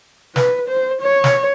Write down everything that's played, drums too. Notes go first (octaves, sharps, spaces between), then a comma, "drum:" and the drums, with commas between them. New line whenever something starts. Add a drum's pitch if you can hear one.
B4, drum: snare
C5
C#5
drum: snare